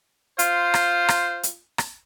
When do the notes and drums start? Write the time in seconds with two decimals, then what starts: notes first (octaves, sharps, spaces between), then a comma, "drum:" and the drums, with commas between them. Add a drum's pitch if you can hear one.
0.39 F4 C5, drum: hi-hat
0.74 drum: rim click
1.09 drum: rim click
1.43 drum: hi-hat
1.78 drum: rim click